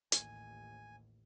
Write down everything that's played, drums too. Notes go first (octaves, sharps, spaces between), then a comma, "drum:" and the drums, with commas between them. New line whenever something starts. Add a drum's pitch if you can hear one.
A1 D#2 G#5, drum: hi-hat